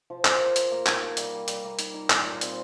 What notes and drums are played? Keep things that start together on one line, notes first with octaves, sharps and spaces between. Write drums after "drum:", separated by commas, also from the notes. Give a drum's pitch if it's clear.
F3
A#4, drum: clap
A#4
A#4, drum: hi-hat
A#3
D#4, drum: clap
A#3
G3, drum: hi-hat
G3
G3, drum: hi-hat
A#3
D#4, drum: hi-hat
D#4
A#2, drum: clap
A#2
C4, drum: hi-hat